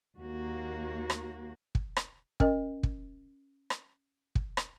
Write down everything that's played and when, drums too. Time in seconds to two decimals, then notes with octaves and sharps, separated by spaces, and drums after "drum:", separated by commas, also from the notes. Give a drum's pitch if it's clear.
0.18 D#2 A#3 F#4
1.10 drum: rim click
1.75 drum: kick
1.96 drum: rim click
2.40 C#4 A#4 D#5, drum: kick
2.83 drum: kick
3.70 drum: rim click
4.35 drum: kick
4.57 drum: rim click